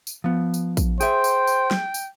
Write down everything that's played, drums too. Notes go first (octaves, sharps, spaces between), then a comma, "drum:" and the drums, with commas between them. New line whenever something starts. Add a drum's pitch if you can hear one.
drum: tambourine
F3 B3
drum: tambourine
drum: kick, tambourine
G#4 C5 E5 G5, drum: tambourine
drum: tambourine
drum: tambourine
drum: snare
drum: tambourine